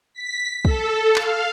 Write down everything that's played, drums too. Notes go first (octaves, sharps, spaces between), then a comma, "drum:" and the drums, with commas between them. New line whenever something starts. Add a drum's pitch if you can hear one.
B6
A4, drum: kick
F5, drum: clap